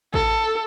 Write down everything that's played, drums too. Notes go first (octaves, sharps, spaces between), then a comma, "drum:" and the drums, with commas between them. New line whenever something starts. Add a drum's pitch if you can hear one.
A4, drum: kick A1